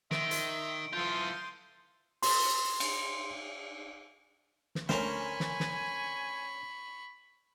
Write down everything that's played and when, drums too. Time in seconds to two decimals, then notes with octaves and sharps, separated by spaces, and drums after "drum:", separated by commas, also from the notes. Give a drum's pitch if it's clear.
0.11 D#3 E5 C6 D7, drum: snare
0.31 drum: hi-hat
0.93 E3 F4 A4 F5 C6 D#6 G6
2.23 C6, drum: open hi-hat
2.80 drum: cymbal
4.75 drum: snare
4.89 D2 C#4 A#4 C5 G#5 B5 C#6, drum: snare
5.40 drum: snare
5.60 drum: snare